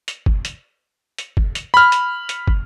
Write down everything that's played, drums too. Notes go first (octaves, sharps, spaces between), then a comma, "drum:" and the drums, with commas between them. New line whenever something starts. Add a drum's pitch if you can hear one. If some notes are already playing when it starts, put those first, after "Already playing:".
drum: hi-hat
drum: kick
drum: hi-hat
drum: hi-hat
drum: kick
drum: hi-hat
B5 F6
drum: hi-hat
drum: hi-hat
drum: kick